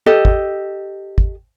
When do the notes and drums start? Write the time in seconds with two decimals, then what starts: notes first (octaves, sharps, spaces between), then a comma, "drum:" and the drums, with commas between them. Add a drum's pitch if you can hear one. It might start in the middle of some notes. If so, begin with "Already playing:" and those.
0.06 G4 A4 D#5
0.25 drum: kick
1.18 drum: kick